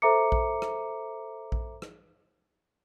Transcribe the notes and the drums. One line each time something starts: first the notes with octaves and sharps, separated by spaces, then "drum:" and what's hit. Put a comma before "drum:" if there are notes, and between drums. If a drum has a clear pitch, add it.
A4 C5 E5 A#5 D6 C#7
drum: kick A#1
drum: rim click
drum: kick A#1
drum: rim click